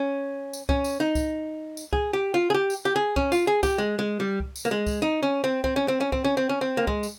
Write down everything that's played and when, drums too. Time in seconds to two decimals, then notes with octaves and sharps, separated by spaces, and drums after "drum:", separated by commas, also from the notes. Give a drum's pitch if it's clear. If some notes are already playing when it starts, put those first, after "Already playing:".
Already playing: C#4
0.53 drum: tambourine
0.69 C#4, drum: kick C2
0.84 drum: tambourine
1.00 D#4
1.15 drum: kick C2, tambourine
1.77 drum: tambourine
1.93 G#4, drum: kick C2
2.13 G4
2.34 F4
2.50 G#4
2.54 G4
2.70 drum: tambourine
2.85 G4
2.96 G#4
3.16 C#4, drum: kick C2
3.32 F4, drum: tambourine
3.47 G#4
3.63 G4, drum: kick C2, tambourine
3.78 G#3
3.99 G#3
4.20 G3
4.40 drum: kick C2
4.56 drum: tambourine
4.65 A#3
4.71 G#3
4.87 drum: kick C2, tambourine
5.02 D#4
5.23 C#4
5.44 C4
5.64 C4, drum: kick C2
5.76 C#4
5.88 C4
6.01 C#4
6.12 C4, drum: kick C2
6.24 C#4
6.37 C4
6.49 C#4
6.61 C4
6.77 A#3
6.87 G#3, drum: kick C2
7.03 drum: tambourine